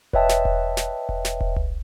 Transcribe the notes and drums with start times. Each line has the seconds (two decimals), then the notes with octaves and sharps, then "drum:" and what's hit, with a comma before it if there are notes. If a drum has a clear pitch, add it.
0.13 B4 C#5 D#5 E5 G5 A5, drum: kick E1
0.29 drum: snare
0.45 drum: kick E1
0.77 drum: snare
1.09 drum: kick E1
1.25 drum: snare
1.41 drum: kick E1
1.56 drum: tom C2